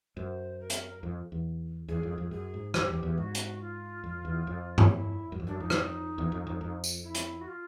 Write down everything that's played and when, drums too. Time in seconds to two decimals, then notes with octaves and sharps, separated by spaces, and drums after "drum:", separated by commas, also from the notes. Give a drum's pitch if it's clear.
0.17 F#2 C5
0.60 A#4
0.70 drum: hi-hat
1.03 F2
1.32 E2
1.88 E2 G#4
2.03 F2
2.18 F2
2.31 F#2 G#4
2.54 G#2
2.74 F#2 G4, drum: rim click
2.90 E2
3.03 E2
3.18 G#2 F#4
3.35 drum: hi-hat
3.61 F4
4.04 F2
4.25 E2
4.47 F2
4.78 drum: tom G2
4.89 E4
5.32 F#2
5.40 F2
5.47 F#2 D4
5.60 F2 D#4
5.70 D4, drum: rim click
5.76 D#4
6.18 E2
6.32 F2
6.47 F2
6.61 F2
6.84 drum: tambourine
7.04 E4
7.15 drum: hi-hat
7.41 F#4
7.48 F4